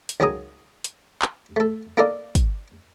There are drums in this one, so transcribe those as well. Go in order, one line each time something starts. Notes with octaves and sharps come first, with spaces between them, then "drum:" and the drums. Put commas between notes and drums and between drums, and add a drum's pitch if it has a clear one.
drum: hi-hat
C#2 D#3 F#3 G#4 A#5 D#6
drum: hi-hat
drum: clap
A3 A4
A#3 D#4 A4 A#4 D5 F5
drum: kick, hi-hat